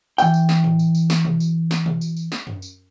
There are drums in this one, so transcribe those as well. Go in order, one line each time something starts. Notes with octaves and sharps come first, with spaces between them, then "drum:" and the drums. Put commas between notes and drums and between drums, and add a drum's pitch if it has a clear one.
E3 G5, drum: tambourine
drum: tambourine
drum: snare
drum: tom A2
drum: tambourine
drum: tambourine
drum: snare
drum: tom B2
drum: tambourine
drum: snare
drum: tom B2
drum: tambourine
drum: tambourine
drum: snare
drum: tom F#2
drum: tambourine